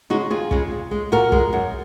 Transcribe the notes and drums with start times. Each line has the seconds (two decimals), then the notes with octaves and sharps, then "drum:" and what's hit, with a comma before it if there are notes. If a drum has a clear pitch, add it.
0.10 C#3 G#3 D#4 F#4
0.30 D#2 F4 G#4
0.51 C#3 G#3, drum: kick
0.72 A#2
0.91 G#3
1.12 A#2 F#4 A#4
1.32 G#3, drum: kick
1.53 F#2